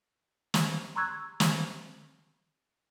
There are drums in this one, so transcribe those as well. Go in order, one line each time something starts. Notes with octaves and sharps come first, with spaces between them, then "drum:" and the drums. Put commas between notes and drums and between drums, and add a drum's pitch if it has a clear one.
drum: snare
A#5 C6 C#6 E6 F#6 G#6
drum: snare